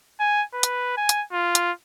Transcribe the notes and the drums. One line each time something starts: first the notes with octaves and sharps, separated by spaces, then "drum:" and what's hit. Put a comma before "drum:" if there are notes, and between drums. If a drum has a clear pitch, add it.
G#5
B4
drum: hi-hat
G#5
drum: hi-hat
F4
drum: hi-hat